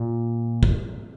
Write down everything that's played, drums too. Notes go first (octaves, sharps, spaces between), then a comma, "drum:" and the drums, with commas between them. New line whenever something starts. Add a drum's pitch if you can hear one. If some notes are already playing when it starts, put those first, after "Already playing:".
Already playing: A#2
drum: kick